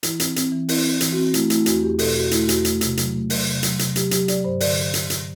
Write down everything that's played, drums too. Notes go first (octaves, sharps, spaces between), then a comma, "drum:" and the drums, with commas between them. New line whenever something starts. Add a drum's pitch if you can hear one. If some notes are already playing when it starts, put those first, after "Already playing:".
E3 E4, drum: hi-hat
C4, drum: hi-hat
C4, drum: hi-hat
E3
C4 E4, drum: open hi-hat
C4
E3, drum: hi-hat
C4 F#4
A3 E4, drum: hi-hat
A3 E4, drum: hi-hat
E2 F#4, drum: hi-hat
E2 G4
B2 A4, drum: open hi-hat
E2 F#4
A3 E4, drum: hi-hat
E2 F#4, drum: hi-hat
A3, drum: hi-hat
C3, drum: hi-hat
F#3, drum: hi-hat
A3
F#3, drum: open hi-hat
C3
F#3, drum: hi-hat
C3, drum: hi-hat
F#3 G4, drum: hi-hat
F#3 G4, drum: hi-hat
F#3 D5, drum: hi-hat
G2 C5
D3 D5, drum: open hi-hat
drum: hi-hat
drum: hi-hat